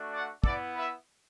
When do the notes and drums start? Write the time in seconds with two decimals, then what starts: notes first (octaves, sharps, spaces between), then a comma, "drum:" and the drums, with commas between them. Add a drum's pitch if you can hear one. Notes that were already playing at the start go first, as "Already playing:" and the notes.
Already playing: A3 D4 F#4
0.12 D5 F#5
0.44 B3 E4 A4 D5, drum: kick
0.75 B4 E5